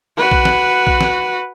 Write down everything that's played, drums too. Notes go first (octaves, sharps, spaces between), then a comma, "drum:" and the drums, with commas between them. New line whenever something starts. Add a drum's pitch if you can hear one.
F#4 B4
drum: kick B1
drum: snare
drum: kick B1
drum: snare